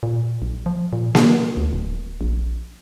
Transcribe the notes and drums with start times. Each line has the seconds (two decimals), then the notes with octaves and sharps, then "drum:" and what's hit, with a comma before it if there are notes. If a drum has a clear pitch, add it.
0.03 A#2
0.42 B1
0.66 F3
0.93 A#2
1.15 D#3, drum: snare A#3
1.57 D2
1.73 D1
2.21 A#1